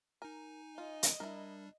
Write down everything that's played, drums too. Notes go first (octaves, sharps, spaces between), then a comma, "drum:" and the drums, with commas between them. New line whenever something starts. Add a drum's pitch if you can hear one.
D#4 A#4 G#5
F4 D#5
drum: hi-hat
G3 D4 E4 A#4